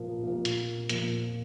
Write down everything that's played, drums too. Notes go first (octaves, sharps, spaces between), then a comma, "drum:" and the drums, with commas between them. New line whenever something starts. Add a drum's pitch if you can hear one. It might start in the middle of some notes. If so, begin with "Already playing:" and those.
Already playing: A#2 F3 A#3
A#2 F3 A#3
drum: hi-hat
A#2 F3 A#3, drum: hi-hat